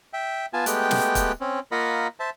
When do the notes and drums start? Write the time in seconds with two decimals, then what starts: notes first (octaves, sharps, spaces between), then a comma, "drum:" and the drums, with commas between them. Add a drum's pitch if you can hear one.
0.13 E5 G5
0.53 B3 F4 G#5 A5
0.66 G#3 A3 B3 G4 G5 F#6, drum: hi-hat
0.91 drum: snare
1.15 drum: kick, hi-hat
1.41 C4 C#4
1.72 A#3 F4 A#4 D#5 F#5 B5
2.20 C5 E5 A5